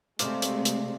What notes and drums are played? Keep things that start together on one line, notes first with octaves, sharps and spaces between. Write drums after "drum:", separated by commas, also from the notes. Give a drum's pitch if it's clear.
C3 G#3 A3 C5 D5 F5, drum: hi-hat
drum: hi-hat
drum: hi-hat